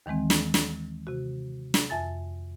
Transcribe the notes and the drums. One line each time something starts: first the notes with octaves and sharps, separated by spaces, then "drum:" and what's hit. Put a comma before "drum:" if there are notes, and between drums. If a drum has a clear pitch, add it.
D#2 D#3 E3 G#3 C4
drum: snare
drum: snare
C3 F#4
drum: snare
F2 E5 G#5 A6